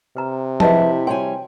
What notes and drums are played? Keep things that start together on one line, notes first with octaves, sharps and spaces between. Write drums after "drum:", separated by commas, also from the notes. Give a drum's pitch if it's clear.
C3 B4 A#5
E4 G4 G#4 B4 D#5 E5 F#5 A5, drum: tom F3
G3 F#4 C#5 G5 G#5 C6